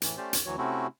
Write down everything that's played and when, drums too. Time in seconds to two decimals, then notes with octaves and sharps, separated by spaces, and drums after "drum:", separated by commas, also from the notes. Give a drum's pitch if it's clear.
0.02 A2 E3, drum: hi-hat
0.17 A3 C#4 G4 C5 D5
0.33 drum: hi-hat
0.46 D2 E3 F#3 F#4 C#5
0.58 C3 A3 C4 C#4 E4 F#4